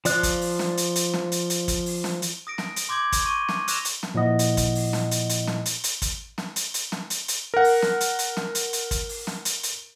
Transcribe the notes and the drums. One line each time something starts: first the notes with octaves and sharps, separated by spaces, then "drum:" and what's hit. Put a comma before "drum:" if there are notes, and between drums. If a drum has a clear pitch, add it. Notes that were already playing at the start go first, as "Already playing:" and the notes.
F3 D5 F#6, drum: hi-hat
drum: kick, hi-hat
drum: open hi-hat
drum: snare
drum: hi-hat
drum: hi-hat
drum: snare
drum: hi-hat
drum: hi-hat
drum: kick, hi-hat
drum: open hi-hat
drum: snare
drum: hi-hat
D#6 A#6 D7
drum: snare
drum: hi-hat
C6 D6 G6 G#6 F#7
drum: kick, hi-hat
C#6 D#7
drum: snare
E6 F#6 A#6 E7 F7, drum: hi-hat
drum: hi-hat
drum: snare
A#2 F3 E4 D#5 F#5
drum: hi-hat
drum: kick, hi-hat
drum: open hi-hat
drum: snare
drum: hi-hat
drum: hi-hat
drum: snare
drum: hi-hat
drum: hi-hat
drum: kick, hi-hat
drum: snare
drum: hi-hat
drum: hi-hat
drum: snare
drum: hi-hat
drum: hi-hat
A#4 F#5
drum: open hi-hat
drum: snare
drum: hi-hat
drum: hi-hat
drum: snare
drum: hi-hat
drum: hi-hat
drum: kick, hi-hat
drum: open hi-hat
drum: snare
drum: hi-hat
drum: hi-hat